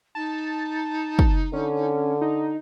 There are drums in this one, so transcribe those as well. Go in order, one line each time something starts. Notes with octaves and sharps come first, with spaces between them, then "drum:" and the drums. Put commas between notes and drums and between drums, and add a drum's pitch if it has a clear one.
D#4 A5
drum: kick
D3 C#4
D#4